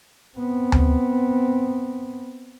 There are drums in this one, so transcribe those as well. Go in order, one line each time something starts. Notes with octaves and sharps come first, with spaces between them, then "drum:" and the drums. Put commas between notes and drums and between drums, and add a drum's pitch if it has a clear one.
B3 C4
drum: tom D2